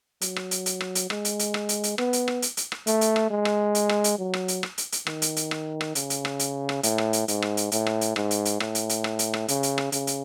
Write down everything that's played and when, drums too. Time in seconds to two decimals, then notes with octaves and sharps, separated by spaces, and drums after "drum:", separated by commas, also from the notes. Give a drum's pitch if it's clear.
0.21 F#3, drum: hi-hat
0.36 drum: rim click
0.51 drum: hi-hat
0.66 drum: hi-hat
0.81 drum: rim click
0.95 drum: hi-hat
1.10 G#3, drum: rim click
1.25 drum: hi-hat
1.39 drum: hi-hat
1.54 drum: rim click
1.69 drum: hi-hat
1.83 drum: hi-hat
1.98 B3, drum: rim click
2.13 drum: hi-hat
2.28 drum: rim click
2.42 drum: hi-hat
2.57 drum: hi-hat
2.72 drum: rim click
2.87 A3, drum: hi-hat
3.01 drum: hi-hat
3.16 drum: rim click
3.31 G#3
3.45 drum: rim click
3.75 drum: hi-hat
3.89 drum: rim click
4.04 drum: hi-hat
4.19 F#3
4.34 drum: rim click
4.48 drum: hi-hat
4.63 drum: rim click
4.78 drum: hi-hat
4.92 drum: hi-hat
5.07 D#3, drum: rim click
5.22 drum: hi-hat
5.36 drum: hi-hat
5.51 drum: rim click
5.81 drum: rim click
5.95 C#3, drum: hi-hat
6.10 drum: hi-hat
6.25 drum: rim click
6.39 drum: hi-hat
6.69 drum: rim click
6.83 A2, drum: hi-hat
6.98 drum: rim click
7.13 drum: hi-hat
7.28 G#2, drum: hi-hat
7.42 drum: rim click
7.57 drum: hi-hat
7.72 A2, drum: hi-hat
7.87 drum: rim click
8.01 drum: hi-hat
8.16 G#2, drum: rim click
8.31 drum: hi-hat
8.45 drum: hi-hat
8.60 A2, drum: rim click
8.75 drum: hi-hat
8.89 drum: hi-hat
9.04 drum: rim click
9.19 drum: hi-hat
9.34 drum: rim click
9.48 C#3, drum: hi-hat
9.63 drum: hi-hat
9.78 drum: rim click
9.92 C#3, drum: hi-hat
10.07 drum: hi-hat